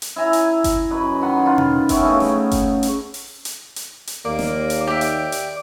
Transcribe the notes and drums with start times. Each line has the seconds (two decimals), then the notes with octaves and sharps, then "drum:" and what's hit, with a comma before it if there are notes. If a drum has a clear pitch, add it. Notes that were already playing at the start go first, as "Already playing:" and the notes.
0.02 drum: hi-hat
0.16 E4 E5 G#5 A#5
0.33 drum: hi-hat
0.64 drum: kick G1, hi-hat
0.91 F#2 B4 D#5 B5
1.21 D#3 F#5 B5 C6
1.45 D#3 F4 B4
1.58 drum: tom B2
1.89 B3 C#4 E5 G5, drum: kick G1, hi-hat
2.03 C#3 A3 D#4
2.20 drum: snare
2.51 drum: kick G1, hi-hat
2.83 drum: hi-hat
3.14 drum: open hi-hat
3.45 drum: hi-hat
3.76 drum: hi-hat
4.07 drum: hi-hat
4.25 D#2 A#3 D5
4.39 drum: snare
4.70 drum: hi-hat
4.87 G4 D5 E5
5.01 drum: hi-hat
5.32 drum: hi-hat